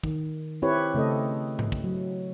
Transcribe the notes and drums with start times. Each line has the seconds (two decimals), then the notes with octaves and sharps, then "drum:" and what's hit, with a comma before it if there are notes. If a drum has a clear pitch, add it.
0.04 D#3, drum: kick
0.62 C4 E4 G4 B4 C#5
0.94 C#3 A3 C4 A4 D#5
1.59 drum: tom G#2
1.72 drum: kick
1.84 F#3